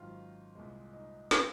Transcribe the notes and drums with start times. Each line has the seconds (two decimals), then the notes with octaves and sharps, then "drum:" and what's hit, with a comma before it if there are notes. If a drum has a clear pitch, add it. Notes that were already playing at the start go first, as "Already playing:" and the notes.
Already playing: G#1 F#2 D#3 F4
0.55 C2 A#2 G#3
0.93 D#4
1.31 C#3 G#3 F4, drum: snare